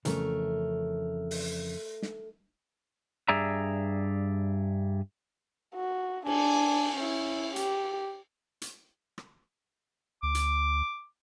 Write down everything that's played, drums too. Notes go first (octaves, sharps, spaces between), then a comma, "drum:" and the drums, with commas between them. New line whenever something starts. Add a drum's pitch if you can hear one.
F2 C#3 E3 A3 A#4, drum: hi-hat
drum: open hi-hat
drum: snare
G2 G#4 D5 E5 A#5
F#4
D4 G#5, drum: cymbal
C#4 E4
G4, drum: hi-hat
drum: hi-hat
drum: rim click
D2 D6
drum: hi-hat